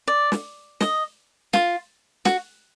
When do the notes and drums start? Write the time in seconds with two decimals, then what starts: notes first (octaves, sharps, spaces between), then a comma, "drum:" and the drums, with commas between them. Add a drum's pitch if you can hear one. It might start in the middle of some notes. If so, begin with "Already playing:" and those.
0.08 D5
0.32 drum: snare
0.80 D#5, drum: snare
1.53 F4, drum: snare
2.25 F#4, drum: snare